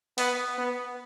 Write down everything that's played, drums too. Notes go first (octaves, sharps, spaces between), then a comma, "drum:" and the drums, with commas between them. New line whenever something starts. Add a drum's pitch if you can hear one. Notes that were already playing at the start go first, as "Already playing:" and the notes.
B3, drum: open hi-hat
B3